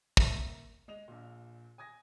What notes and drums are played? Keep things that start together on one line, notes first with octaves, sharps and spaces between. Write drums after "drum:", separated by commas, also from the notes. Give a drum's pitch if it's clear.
A#3 E5 E7, drum: kick
G#3 D#5 F7
A#1 A#2
G#5 D#6 G#6 A#6